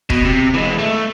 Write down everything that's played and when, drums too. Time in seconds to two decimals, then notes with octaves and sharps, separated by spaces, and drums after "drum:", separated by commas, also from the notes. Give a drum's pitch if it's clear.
0.10 B2, drum: kick
0.25 C3
0.54 E3 G#3
0.79 A3